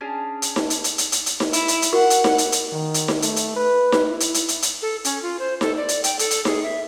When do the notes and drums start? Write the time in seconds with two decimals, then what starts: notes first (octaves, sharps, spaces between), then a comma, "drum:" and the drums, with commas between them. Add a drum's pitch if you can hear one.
0.01 C#4 D4 G#4
0.42 drum: hi-hat
0.56 drum: snare D#4
0.70 drum: hi-hat
0.84 drum: hi-hat
0.98 drum: hi-hat
1.12 drum: hi-hat
1.26 drum: hi-hat
1.40 drum: snare D#4
1.53 E4, drum: hi-hat
1.68 drum: hi-hat
1.82 drum: hi-hat
1.93 F#4 A#4 F#5 C#6
2.10 drum: hi-hat
2.24 drum: snare D#4
2.38 drum: hi-hat
2.52 drum: hi-hat
2.73 D#3
2.94 drum: hi-hat
3.08 drum: snare D#4
3.22 A3, drum: hi-hat
3.36 drum: hi-hat
3.56 B4
3.92 drum: snare D#4
4.10 E4
4.20 drum: hi-hat
4.34 drum: hi-hat
4.48 drum: hi-hat
4.62 drum: hi-hat
4.82 A4
5.05 C#4, drum: hi-hat
5.22 F4
5.39 C5
5.61 A4, drum: snare D#4
5.77 D5
5.89 drum: hi-hat
6.04 G5, drum: hi-hat
6.19 A4, drum: hi-hat
6.31 drum: hi-hat
6.45 G#4, drum: snare D#4
6.63 E5